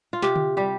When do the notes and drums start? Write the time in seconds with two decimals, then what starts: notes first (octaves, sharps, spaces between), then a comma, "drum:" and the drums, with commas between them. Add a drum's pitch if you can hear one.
0.13 F4
0.22 C3 G4, drum: snare
0.36 drum: tom D3
0.57 G3 G4